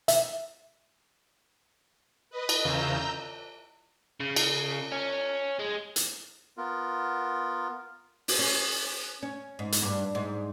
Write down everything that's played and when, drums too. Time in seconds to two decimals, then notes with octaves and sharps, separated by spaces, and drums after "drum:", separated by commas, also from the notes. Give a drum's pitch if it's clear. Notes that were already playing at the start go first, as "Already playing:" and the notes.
0.08 E5, drum: hi-hat
2.30 B4 D#5
2.49 drum: cymbal
2.65 E2 C#3 F4 A#5 E6 G6
4.20 C#3
4.36 drum: cymbal
4.92 C#4
5.59 G#3
5.96 drum: hi-hat
6.57 B3 F4 A#4
8.28 drum: open hi-hat
8.39 C#4
9.23 C#4
9.59 G#2
9.72 drum: hi-hat
9.82 G2
10.15 G#2